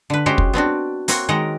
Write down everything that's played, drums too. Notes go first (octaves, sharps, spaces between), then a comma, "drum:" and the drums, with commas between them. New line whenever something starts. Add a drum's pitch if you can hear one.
D3 B4
G#3 C#4 F#4 G4 C5
drum: kick
B3 C4 D4 F#4
A#3 C4 F#4 C#5 F#5, drum: hi-hat
D#3 G#3 A#4 D#5 F#5